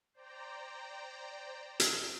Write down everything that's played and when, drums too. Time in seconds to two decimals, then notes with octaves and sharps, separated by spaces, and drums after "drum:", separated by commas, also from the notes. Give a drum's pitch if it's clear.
0.13 C5 D5 G5 A#5
1.80 drum: hi-hat